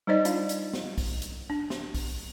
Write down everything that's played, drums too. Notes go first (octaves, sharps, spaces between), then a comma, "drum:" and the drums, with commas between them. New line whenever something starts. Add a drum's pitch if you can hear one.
G3 D#4 C5 D5 D#5
D4 F4 F5, drum: hi-hat
drum: hi-hat
drum: snare
drum: kick B1, open hi-hat
drum: hi-hat
D4
drum: snare
drum: kick B1, open hi-hat